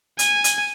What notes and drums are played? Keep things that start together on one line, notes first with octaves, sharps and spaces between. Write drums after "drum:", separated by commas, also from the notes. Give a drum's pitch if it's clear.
G#5, drum: hi-hat
drum: hi-hat